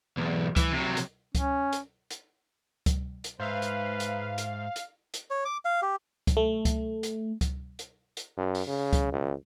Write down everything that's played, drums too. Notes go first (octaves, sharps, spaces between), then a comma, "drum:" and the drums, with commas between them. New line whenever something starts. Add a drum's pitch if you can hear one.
B1 E2
E3, drum: kick C#2, hi-hat
C3 F#3
drum: hi-hat
C#4, drum: kick C#2, hi-hat
drum: hi-hat
drum: hi-hat
drum: kick C#2, hi-hat
drum: hi-hat
G#2 B4 C5 E5 F5
drum: hi-hat
drum: hi-hat
drum: hi-hat
drum: hi-hat
drum: hi-hat
C#5
D6
F5
G4
drum: kick C#2, hi-hat
A3
drum: kick C#2, hi-hat
drum: hi-hat
drum: kick C#2, hi-hat
drum: hi-hat
drum: hi-hat
F#2
drum: open hi-hat
C#3
drum: kick C#2, hi-hat
C#2